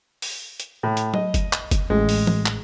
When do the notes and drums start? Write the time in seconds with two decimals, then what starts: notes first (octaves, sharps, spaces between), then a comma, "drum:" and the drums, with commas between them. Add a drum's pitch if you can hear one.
0.22 drum: open hi-hat
0.60 drum: hi-hat
0.83 A2
0.97 drum: hi-hat
1.14 D#5, drum: tom F#3
1.34 drum: kick F#1, hi-hat
1.53 drum: clap
1.71 drum: kick F#1, hi-hat
1.90 A1 G#3
2.09 drum: open hi-hat
2.27 drum: tom E3
2.46 drum: clap